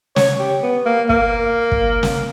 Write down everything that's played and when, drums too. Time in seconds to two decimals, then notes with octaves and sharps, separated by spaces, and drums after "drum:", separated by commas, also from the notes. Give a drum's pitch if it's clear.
0.16 C#5, drum: snare
0.39 G4
0.63 B3
0.86 A#3
1.09 A#3, drum: kick
1.72 drum: kick
2.03 drum: snare